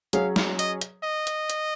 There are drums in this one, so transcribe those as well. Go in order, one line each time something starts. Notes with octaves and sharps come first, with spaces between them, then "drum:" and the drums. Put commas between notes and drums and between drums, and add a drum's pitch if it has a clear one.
F#3 C#4 G#4 C#5 F5, drum: hi-hat
drum: snare
D#5, drum: hi-hat
drum: hi-hat
D#5
drum: hi-hat
drum: hi-hat